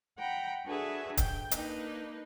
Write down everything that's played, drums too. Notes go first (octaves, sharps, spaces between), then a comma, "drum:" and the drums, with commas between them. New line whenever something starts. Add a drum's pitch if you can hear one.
F#5 G5 A#5 B5
D4 F#4 G#4 A4 B4 E5
G5, drum: kick, hi-hat
A#3 D4 D#4 B4, drum: hi-hat